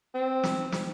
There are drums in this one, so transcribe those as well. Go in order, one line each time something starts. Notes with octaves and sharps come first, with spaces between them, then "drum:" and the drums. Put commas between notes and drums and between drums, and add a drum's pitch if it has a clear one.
C4
drum: snare
drum: snare